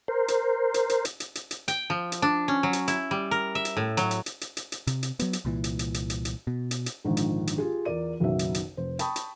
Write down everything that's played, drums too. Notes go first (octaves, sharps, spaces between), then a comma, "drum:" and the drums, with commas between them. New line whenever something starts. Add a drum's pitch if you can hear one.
A#4 C5
drum: hi-hat
drum: hi-hat
drum: hi-hat
drum: hi-hat
drum: hi-hat
drum: hi-hat
drum: hi-hat
G5, drum: hi-hat
F3
drum: hi-hat
D4
C#4
F#3
drum: hi-hat
E4, drum: hi-hat
G3
A#4
E5
drum: hi-hat
A2
F#3, drum: hi-hat
drum: hi-hat
drum: hi-hat
drum: hi-hat
drum: hi-hat
drum: hi-hat
C3, drum: hi-hat
drum: hi-hat
F#3 B3, drum: hi-hat
drum: hi-hat
C2 A#2 E3
drum: hi-hat
drum: hi-hat
drum: hi-hat
drum: hi-hat
drum: hi-hat
B2
drum: hi-hat
drum: hi-hat
A#1 G#2 D3 D#3 F3
drum: hi-hat
drum: hi-hat
F4 G4 G#4
E2 F4 A#4 D5 D#7
F#1 B1 B2 D#3 E5
drum: hi-hat
drum: hi-hat
F1 C5
G5 A5 B5 C#6 D#6, drum: hi-hat
drum: hi-hat